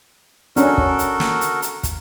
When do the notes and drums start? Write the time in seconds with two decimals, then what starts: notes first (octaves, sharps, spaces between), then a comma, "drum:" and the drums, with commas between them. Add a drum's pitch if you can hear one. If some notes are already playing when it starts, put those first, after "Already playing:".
0.56 C#4 D4 F#4 A4 A#4, drum: hi-hat
0.78 drum: kick
0.99 drum: hi-hat
1.20 drum: snare
1.41 drum: hi-hat
1.62 drum: hi-hat
1.83 drum: kick, hi-hat